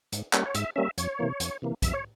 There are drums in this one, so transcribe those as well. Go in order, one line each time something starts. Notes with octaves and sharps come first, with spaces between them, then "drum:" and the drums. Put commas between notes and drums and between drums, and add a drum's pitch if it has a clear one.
G#2, drum: hi-hat
G3 A#3 C#4, drum: clap
C#5
G#2 E5, drum: hi-hat
G3 A#3 C#4 E5
F2 C#5, drum: hi-hat
C3 E3 A#3
F2, drum: hi-hat
C3 E3 A#3
F2 E5, drum: kick, hi-hat
C#5